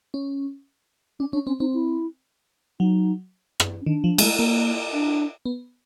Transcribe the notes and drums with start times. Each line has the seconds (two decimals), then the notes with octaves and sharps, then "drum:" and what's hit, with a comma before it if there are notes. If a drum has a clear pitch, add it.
0.14 C#4
1.20 C#4 D4
1.33 C#4 D4
1.47 C4 C#4
1.60 C4 D#4
1.74 E4
2.80 F#3 D#4
3.60 drum: rim click
3.81 C#4
3.86 D#3 D4
4.04 F3
4.18 G#3, drum: cymbal
4.22 A3
4.39 A#3
4.93 D4
5.46 B3